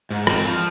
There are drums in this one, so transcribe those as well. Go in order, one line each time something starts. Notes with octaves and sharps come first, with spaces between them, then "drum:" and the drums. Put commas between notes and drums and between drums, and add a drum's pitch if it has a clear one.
G#2
C4, drum: rim click
F3